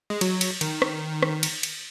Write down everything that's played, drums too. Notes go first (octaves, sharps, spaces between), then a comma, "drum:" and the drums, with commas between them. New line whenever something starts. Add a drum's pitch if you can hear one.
G#3
F#3, drum: cymbal
drum: cymbal
D#3, drum: cymbal
drum: rim click
drum: rim click
drum: cymbal
drum: cymbal